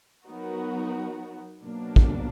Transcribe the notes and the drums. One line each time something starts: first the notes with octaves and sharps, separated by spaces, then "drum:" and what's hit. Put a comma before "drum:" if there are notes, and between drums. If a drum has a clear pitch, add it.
F#3 B3 D#4 F#4 A#4
B2 F#3 A#3 D4
drum: kick